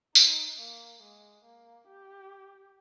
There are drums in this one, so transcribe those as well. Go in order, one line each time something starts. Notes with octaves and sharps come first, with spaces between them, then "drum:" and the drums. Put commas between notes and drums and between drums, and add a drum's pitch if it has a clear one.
D#4, drum: tambourine
A#3
G#3
A#3
G4